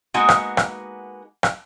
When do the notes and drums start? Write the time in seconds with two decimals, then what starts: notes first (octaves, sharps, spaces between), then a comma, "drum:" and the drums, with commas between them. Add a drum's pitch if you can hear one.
0.14 G#3 A#3 B3 D#4 F#4
0.29 drum: rim click
0.57 drum: rim click
1.43 drum: rim click